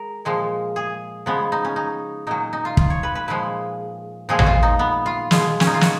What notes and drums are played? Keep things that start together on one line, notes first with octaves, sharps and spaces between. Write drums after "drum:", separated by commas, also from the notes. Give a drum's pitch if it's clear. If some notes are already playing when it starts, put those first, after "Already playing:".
Already playing: G#3 A#4
A#2 F3 G#3
G#4
C#3 F3 G#3 B3
D#4
C#4
D#4
A#2 F#3 D#4
D#4
F4
F4, drum: kick
C#5
B4
B4
A#2 F3 G#3 B4
A#2 F3 G#3 G#4
F#4, drum: tom A1
F4
D#4
B3
F4
B2 G#3 F4, drum: snare
C#4, drum: snare
D#4
F4
F#4, drum: snare